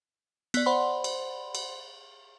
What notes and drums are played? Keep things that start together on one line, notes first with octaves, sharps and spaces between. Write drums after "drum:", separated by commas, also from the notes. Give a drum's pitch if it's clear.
B3 D5, drum: cymbal
C5 D5 F#5 B5 C6
drum: cymbal
drum: cymbal